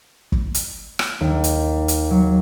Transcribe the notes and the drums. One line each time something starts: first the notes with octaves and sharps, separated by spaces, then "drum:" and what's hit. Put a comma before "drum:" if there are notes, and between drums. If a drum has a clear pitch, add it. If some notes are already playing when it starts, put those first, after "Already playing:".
drum: kick
drum: hi-hat
drum: rim click
D#2
drum: hi-hat
drum: hi-hat
F#3